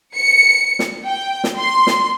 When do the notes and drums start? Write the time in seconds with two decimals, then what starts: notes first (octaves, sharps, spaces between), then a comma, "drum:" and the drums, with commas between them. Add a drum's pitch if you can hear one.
0.15 C#7
0.79 drum: snare
1.05 G5
1.44 drum: snare
1.57 C6
1.87 drum: snare